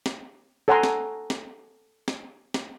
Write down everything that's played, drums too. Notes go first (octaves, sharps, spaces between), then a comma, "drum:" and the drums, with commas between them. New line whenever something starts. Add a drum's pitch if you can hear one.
drum: snare
A4 C#5 F#5 G#5 A#5 C6
drum: snare
drum: snare
drum: snare
drum: snare